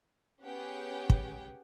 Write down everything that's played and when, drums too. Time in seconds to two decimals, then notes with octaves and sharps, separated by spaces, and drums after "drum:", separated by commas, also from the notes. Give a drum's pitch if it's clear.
0.43 B3 C#4 G4 G#4 F#5 G5
1.10 drum: kick